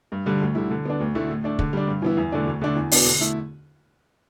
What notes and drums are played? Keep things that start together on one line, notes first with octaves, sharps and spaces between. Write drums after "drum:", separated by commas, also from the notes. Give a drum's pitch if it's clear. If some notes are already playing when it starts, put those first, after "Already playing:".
G2
D3 G3
D2
D3 G3 E4
D3
B3 D4
D2
D3 A3 E4
A2
A3 D4
D3, drum: kick
G3 D4
G2
E3 B3 E4
E2
D3 A3 D4
D2
D3 A3 D4
E2
B2 B3 D4, drum: open hi-hat
D3
A3 E4